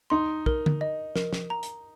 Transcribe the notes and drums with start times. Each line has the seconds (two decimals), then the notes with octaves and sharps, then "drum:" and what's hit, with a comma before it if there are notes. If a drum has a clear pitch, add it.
0.10 D#4 C6
0.46 A#4, drum: kick
0.66 drum: tom D3
0.81 D#5
1.16 A#4, drum: snare
1.33 drum: snare
1.50 A#5
1.63 drum: hi-hat